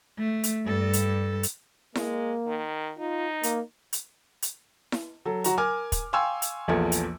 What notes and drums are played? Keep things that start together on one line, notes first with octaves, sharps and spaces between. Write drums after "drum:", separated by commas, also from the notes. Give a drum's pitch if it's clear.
A3
drum: hi-hat
G2 A4
drum: hi-hat
drum: hi-hat
G#3 A#3, drum: snare E4
D#3
D#4 F4
A#3, drum: hi-hat
drum: hi-hat
drum: hi-hat
drum: snare E4
F#3 A4
F#3 F#4 A#5, drum: hi-hat
A#4 G#5 D6 F6
drum: kick, hi-hat
F5 G5 G#5 C6 C#6 E6
drum: hi-hat
A#1 E2 F3 A4 G#6
drum: hi-hat